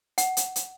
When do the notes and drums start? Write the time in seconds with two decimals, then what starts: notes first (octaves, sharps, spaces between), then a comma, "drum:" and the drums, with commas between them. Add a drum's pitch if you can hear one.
0.18 F#5, drum: hi-hat
0.37 drum: hi-hat
0.56 drum: hi-hat